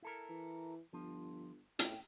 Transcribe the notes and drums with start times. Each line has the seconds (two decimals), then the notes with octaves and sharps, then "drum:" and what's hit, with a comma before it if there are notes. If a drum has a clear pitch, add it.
0.02 E4 A4 A#4
0.29 E3
0.93 G1 F3
1.79 A2 G5, drum: hi-hat